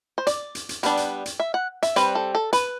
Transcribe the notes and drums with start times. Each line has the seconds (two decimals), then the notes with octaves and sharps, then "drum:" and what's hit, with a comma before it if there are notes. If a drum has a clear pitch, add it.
0.18 C5
0.27 D5, drum: hi-hat
0.55 drum: hi-hat
0.69 drum: hi-hat
0.83 G3 B3 D4, drum: hi-hat
0.97 drum: hi-hat
1.26 drum: hi-hat
1.40 E5
1.54 F#5
1.83 E5, drum: hi-hat
1.96 G3 C4 B4, drum: hi-hat
2.15 A4
2.35 A4
2.53 B4, drum: hi-hat